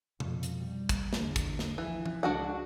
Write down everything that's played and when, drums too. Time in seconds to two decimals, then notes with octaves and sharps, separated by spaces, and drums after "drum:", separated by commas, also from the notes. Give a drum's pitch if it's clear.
0.20 F2 B2, drum: tom C3
0.43 drum: hi-hat
0.58 G3
0.89 drum: kick, hi-hat
1.13 E2 D3, drum: snare
1.36 drum: kick, hi-hat
1.59 drum: snare
1.78 E3 F3
2.06 drum: tom
2.23 C#2 G#3 D4 F#4 F#5